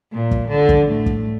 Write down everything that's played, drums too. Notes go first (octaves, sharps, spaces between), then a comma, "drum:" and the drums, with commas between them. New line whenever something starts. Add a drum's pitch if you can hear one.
A#2
drum: kick
D3
drum: kick
A2 A3
drum: kick